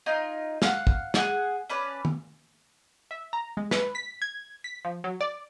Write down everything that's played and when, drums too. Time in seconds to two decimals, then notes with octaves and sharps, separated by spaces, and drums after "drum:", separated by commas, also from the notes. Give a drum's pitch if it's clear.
0.06 D#4 F4 G#5
0.62 F5 F#5, drum: snare
0.87 drum: kick
1.14 G#4 F#5 G#5 F#6, drum: snare
1.70 C#4 B4 D5 A5
2.05 drum: tom
3.11 E5
3.33 A#5
3.57 G#3
3.71 B4, drum: snare
3.95 B6
4.22 G#6
4.64 B6
4.85 F3
5.04 F#3
5.21 D5